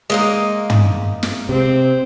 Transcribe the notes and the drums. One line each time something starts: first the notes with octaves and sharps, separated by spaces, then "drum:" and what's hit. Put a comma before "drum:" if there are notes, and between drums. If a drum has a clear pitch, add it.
G#3 A#3 D#4
drum: tom
drum: snare
C3 C4